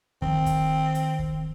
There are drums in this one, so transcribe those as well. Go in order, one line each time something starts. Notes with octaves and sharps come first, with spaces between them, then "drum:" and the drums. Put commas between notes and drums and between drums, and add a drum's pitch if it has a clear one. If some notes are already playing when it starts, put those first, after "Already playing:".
D#3 F3 C4, drum: kick
drum: kick, hi-hat
drum: hi-hat
drum: kick